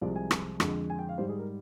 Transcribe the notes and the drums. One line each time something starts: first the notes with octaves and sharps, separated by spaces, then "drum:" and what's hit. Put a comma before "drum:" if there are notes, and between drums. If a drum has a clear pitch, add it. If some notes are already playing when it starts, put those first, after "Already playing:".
C2 C3 F3 G#3 D5
G#5
drum: rim click
F2 D3 G#3, drum: rim click
G#5
G5
F5
G#2 G3 C5
G#4
A#4